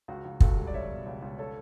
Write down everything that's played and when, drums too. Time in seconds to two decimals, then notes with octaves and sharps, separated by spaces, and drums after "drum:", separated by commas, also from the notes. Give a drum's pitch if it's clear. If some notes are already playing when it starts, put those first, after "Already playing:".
0.08 C#2 F#4
0.25 C#2
0.40 C#2 F#4 A4, drum: kick
0.57 G3
0.67 D5
0.74 C#2 C#5 E5
0.90 B2
1.06 C#2
1.22 C#2
1.38 A4 C#5